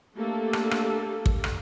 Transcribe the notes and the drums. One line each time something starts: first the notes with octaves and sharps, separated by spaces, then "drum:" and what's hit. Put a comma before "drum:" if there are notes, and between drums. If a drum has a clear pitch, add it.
A3 A#3 D4 G4 A4
drum: rim click
drum: rim click
drum: kick
drum: rim click